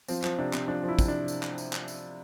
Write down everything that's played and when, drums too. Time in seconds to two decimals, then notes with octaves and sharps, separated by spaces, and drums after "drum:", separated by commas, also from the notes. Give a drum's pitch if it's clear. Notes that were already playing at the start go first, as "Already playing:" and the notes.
0.08 F3 C4, drum: tambourine
0.24 F3, drum: clap
0.38 C3 D4
0.53 C3, drum: clap
0.68 F3 D4
0.83 F3
0.88 E4
0.99 C3, drum: kick, tambourine
1.08 D4
1.28 drum: tambourine
1.43 drum: clap
1.58 drum: tambourine
1.73 drum: clap
1.88 drum: tambourine